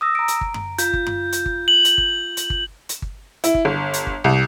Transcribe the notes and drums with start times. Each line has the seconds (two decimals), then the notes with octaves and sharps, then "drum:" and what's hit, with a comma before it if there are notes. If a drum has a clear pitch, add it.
0.01 D#6 E6 A#6
0.15 A#5 D7
0.28 drum: hi-hat
0.41 drum: kick G1
0.54 drum: tom F#2
0.78 F4 G6, drum: hi-hat
0.93 drum: kick G1
1.07 drum: tom F#2
1.33 drum: hi-hat
1.46 drum: kick G1
1.68 F#7
1.85 drum: hi-hat
1.98 drum: kick G1
2.37 drum: hi-hat
2.50 drum: kick G1
2.89 drum: hi-hat
3.02 drum: kick G1
3.44 E4, drum: hi-hat
3.55 drum: kick G1
3.65 G1
3.94 drum: hi-hat
4.07 drum: kick G1
4.24 C2